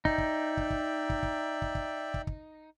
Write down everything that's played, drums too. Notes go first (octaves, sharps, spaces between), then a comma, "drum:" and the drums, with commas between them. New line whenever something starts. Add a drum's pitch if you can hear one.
D#4 D5 E5 G5, drum: kick
drum: kick
drum: kick
drum: kick
drum: kick
drum: kick
drum: kick
drum: kick
drum: kick
drum: kick